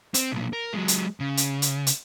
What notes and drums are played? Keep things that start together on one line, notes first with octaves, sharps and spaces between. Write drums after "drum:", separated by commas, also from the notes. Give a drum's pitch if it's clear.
C4, drum: hi-hat
B1 A#2
A#4
F#3 G#3
drum: hi-hat
C#3
drum: hi-hat
drum: hi-hat
drum: hi-hat